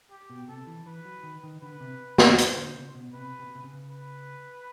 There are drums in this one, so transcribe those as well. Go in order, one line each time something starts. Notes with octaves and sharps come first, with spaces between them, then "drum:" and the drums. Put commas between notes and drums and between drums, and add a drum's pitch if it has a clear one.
G4
B2
C3 A4
E3
E3 B4
F#3
D#3
D#3
D3 B4
C3
D3, drum: snare
C#3 C5, drum: hi-hat
D#3
D3
C#3
B2
C3 B4
C3
B2
C3
C#3
B4